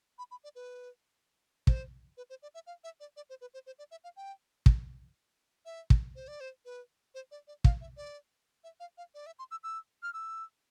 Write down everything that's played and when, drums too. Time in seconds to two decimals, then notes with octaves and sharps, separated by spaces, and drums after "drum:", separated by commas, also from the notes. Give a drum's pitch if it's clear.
0.18 B5
0.31 B5
0.44 D5
0.55 B4
1.67 C5, drum: kick
2.17 B4
2.30 C5
2.42 D5
2.54 E5
2.67 F5
2.84 E5
3.00 D5
3.16 D5
3.30 C5
3.41 B4
3.54 C5
3.66 C5
3.79 D5
3.91 E5
4.04 F5
4.16 G5
4.66 drum: kick
5.65 E5
5.90 drum: kick
6.16 C5
6.28 D5
6.40 C5
6.65 B4
7.14 C5
7.31 D5
7.47 D5
7.64 F5, drum: kick
7.81 E5
7.97 D5
8.64 E5
8.80 F5
8.98 F5
9.15 D5
9.26 E5
9.39 C6
9.51 E6
9.63 E6
10.03 F6
10.13 E6